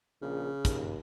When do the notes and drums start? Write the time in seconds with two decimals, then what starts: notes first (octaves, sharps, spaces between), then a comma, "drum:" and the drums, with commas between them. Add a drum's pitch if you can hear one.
0.21 A#1 C#3
0.65 D#2, drum: kick, hi-hat